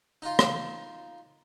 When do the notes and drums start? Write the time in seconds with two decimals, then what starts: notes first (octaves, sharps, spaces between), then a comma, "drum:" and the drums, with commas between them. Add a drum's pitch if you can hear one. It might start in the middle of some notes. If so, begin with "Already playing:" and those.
0.22 D#4 F4
0.39 drum: rim click